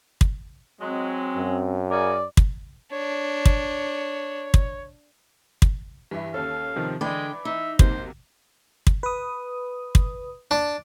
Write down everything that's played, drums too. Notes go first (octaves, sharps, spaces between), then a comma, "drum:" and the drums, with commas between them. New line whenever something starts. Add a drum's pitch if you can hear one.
drum: kick
F#3 G#3 C4
F#2
C#3 A#4 D5 G#5
drum: kick
D4 C#5
drum: kick
drum: kick
drum: kick
G2 E3 E5
D#2 C#4 A4 F5
C3 D#3 F3
D3 E3 G#3 D5 G5 B5 D6
D#4 E5
B1 C3 A#3 C5, drum: kick
drum: kick
B4 D#6
drum: kick
D4